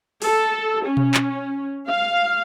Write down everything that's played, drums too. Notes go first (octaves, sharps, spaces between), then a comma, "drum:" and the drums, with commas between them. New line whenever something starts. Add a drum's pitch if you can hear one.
A4, drum: open hi-hat
C#4
drum: tom B2
drum: clap
F5